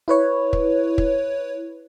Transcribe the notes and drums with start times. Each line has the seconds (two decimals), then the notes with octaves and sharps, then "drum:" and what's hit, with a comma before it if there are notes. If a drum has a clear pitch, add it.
0.08 E4 B4 C#5
0.53 drum: kick
0.98 drum: kick